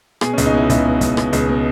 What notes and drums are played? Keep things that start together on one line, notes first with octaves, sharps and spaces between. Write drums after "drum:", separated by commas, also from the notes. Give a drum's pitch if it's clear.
B2 G#4, drum: rim click
C#4
C#2, drum: hi-hat
D#4
B2 E4
C#2 E4, drum: kick, hi-hat
B2
C#2, drum: kick, hi-hat
B2, drum: rim click
C#2, drum: hi-hat
B2